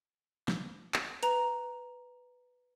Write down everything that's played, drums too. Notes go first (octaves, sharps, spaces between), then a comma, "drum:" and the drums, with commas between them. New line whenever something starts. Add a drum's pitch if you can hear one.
drum: snare
drum: clap
B4 A#5, drum: hi-hat